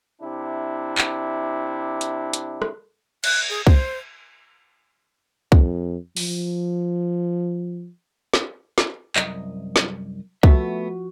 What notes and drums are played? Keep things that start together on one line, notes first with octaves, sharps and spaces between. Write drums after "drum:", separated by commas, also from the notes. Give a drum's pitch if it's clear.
C3 D4 E4
drum: clap
drum: hi-hat
drum: hi-hat
drum: rim click
F#6, drum: cymbal
G#4
C5, drum: kick
F2, drum: kick
F3, drum: open hi-hat
drum: snare
drum: snare
C2 F#2 D#5, drum: clap
drum: snare
F3 A3 B3 F#4 E5, drum: kick